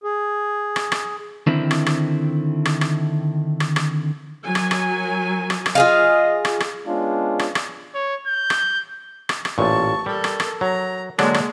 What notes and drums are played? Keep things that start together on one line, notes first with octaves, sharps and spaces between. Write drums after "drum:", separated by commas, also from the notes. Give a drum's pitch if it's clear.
G#4
drum: rim click
drum: rim click
D3 D#3 C4 E4
drum: rim click
drum: rim click
drum: rim click
drum: rim click
drum: rim click
drum: rim click
F#3 A#4 G#5
drum: rim click
drum: rim click
drum: rim click
drum: rim click
F4 G#4 D#5 F5
drum: rim click
drum: rim click
G#3 B3 C#4 D4 F4
drum: rim click
drum: rim click
C#5
G6
drum: rim click
drum: rim click
drum: rim click
A1 A#2 A5 C#6
G3 A4 A#4
drum: rim click
drum: rim click
F#3 A#5
D3 F#3 G#3 A#3 D4, drum: rim click
drum: rim click